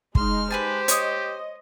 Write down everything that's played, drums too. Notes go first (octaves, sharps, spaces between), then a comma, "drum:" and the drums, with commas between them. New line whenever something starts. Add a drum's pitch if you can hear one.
G#3 D#4 C6 F6, drum: kick
G4 B4 C5 G#5 A5
C#5 D#5 D#6, drum: hi-hat